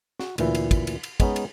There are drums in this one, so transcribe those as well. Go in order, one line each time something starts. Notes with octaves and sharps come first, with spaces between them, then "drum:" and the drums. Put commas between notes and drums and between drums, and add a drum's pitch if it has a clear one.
F#4, drum: snare
D2 A#2 E3 E4, drum: cymbal
drum: cymbal
drum: kick, cymbal
drum: cymbal
drum: cymbal
G#3 B3 C#4 D#4, drum: kick, cymbal
drum: cymbal